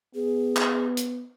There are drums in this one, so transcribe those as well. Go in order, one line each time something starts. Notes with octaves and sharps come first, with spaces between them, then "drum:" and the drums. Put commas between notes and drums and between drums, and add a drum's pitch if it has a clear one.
B3 G#4
drum: clap
drum: hi-hat